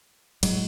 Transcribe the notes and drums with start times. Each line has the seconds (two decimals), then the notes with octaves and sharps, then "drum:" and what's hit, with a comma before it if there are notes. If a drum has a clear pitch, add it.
0.43 A2 F#3 G#3, drum: cymbal